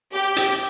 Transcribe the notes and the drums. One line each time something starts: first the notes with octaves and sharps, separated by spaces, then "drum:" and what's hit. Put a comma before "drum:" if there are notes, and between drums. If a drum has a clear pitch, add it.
G4
drum: hi-hat